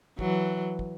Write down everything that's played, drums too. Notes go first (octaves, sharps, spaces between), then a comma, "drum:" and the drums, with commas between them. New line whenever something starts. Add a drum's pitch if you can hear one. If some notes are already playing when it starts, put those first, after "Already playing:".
E3 F#3, drum: kick
drum: kick